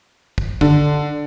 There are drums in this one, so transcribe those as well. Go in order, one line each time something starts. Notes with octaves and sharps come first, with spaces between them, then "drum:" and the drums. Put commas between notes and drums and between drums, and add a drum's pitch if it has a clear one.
drum: kick
D3, drum: kick